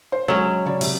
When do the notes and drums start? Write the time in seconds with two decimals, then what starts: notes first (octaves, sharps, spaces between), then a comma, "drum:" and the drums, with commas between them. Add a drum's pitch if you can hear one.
0.12 C5
0.28 F#3 G#3 C#4 C#5 E7
0.66 C#3 C#5 D5
0.81 C3, drum: open hi-hat